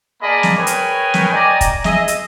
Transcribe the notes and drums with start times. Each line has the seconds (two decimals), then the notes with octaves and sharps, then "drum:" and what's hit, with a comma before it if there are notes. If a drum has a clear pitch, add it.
0.22 A#3 G#4 D5 D#5 A5 B5
0.43 drum: snare
0.57 G#4 A#4 B4 C#5 G5 G#5
0.67 drum: hi-hat
1.14 drum: snare
1.33 D5 D#5 G5 G#5 A#5 D6
1.61 drum: kick, hi-hat
1.84 G#4 D#5 E5, drum: snare
2.08 drum: hi-hat